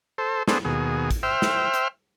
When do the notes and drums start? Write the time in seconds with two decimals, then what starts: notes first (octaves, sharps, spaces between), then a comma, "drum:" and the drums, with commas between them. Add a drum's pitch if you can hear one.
0.18 A4 C5
0.48 B3 D4 G#4 A4 C5, drum: snare
0.65 D#2 B2 G#4
1.11 drum: kick, hi-hat
1.23 C5 E5 G5 F6
1.42 drum: snare
1.74 drum: hi-hat